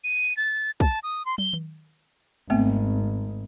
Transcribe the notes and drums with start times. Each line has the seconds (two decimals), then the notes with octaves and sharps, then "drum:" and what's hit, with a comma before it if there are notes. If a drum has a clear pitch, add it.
0.04 D#7
0.37 A6
0.80 A5, drum: kick
1.03 D#6
1.26 C6
1.38 G7, drum: tom
1.53 drum: tom D#3
2.50 G#1 A3 B3 C4